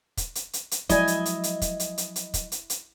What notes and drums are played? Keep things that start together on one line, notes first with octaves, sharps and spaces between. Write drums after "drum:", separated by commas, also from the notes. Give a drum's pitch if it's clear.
drum: kick, hi-hat
drum: hi-hat
drum: hi-hat
drum: hi-hat
F3 F#3 G#3 E4 D#5 G#5, drum: kick, hi-hat
drum: hi-hat
drum: hi-hat
drum: hi-hat
drum: kick, hi-hat
drum: hi-hat
drum: hi-hat
drum: hi-hat
drum: kick, hi-hat
drum: hi-hat
drum: hi-hat